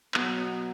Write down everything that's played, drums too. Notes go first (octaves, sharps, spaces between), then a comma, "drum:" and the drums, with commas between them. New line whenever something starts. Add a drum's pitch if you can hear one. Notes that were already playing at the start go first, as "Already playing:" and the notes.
B2 F#3 B3, drum: clap